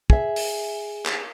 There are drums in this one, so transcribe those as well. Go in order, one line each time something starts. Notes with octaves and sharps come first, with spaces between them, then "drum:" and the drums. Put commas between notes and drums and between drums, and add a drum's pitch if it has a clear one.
G#4 E5, drum: kick
drum: open hi-hat
drum: clap